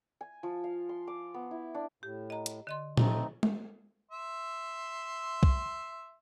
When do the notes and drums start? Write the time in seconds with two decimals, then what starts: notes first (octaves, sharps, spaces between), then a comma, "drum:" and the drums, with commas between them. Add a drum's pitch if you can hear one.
0.21 G#5
0.43 F3
0.64 F5
0.89 C6
1.07 D6
1.34 B3
1.51 E4
1.74 D4
2.03 A2 G4
2.30 D#5 A#5
2.46 drum: hi-hat
2.67 D3 D#5 C6
2.97 A3 C4 D#4, drum: tom A#2
3.43 drum: tom G#3
4.11 E5 C6
5.43 drum: kick